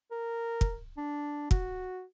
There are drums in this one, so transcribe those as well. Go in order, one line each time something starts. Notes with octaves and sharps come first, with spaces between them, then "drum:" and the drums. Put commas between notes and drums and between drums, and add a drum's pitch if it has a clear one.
A#4
drum: kick
D4
F#4, drum: kick